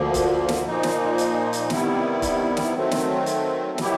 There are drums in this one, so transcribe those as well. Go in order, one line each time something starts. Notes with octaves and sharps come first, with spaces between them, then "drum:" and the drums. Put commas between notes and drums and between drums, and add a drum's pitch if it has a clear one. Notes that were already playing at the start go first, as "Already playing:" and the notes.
Already playing: D2 D3 F3 A#3
drum: kick E1, hi-hat
drum: snare
A#2 F3 A#3 D#4
drum: snare
drum: hi-hat
drum: hi-hat
C3 D#3 G3 B3 E4, drum: snare
drum: kick E1, hi-hat
drum: snare
D#3 F#3 A3 C4
drum: snare
drum: hi-hat
D#3 F#3 B3 E4 G4, drum: snare